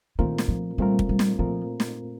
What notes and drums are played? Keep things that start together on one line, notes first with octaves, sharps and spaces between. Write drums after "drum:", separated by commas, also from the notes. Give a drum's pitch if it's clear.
A#2 D#3 A3 C4 F4 A#4
drum: snare
F3
A#2 G3 A3 C4 F4 A#4
drum: kick
G3
drum: snare
A#2 F3 A3 C4 F4 A#4
drum: snare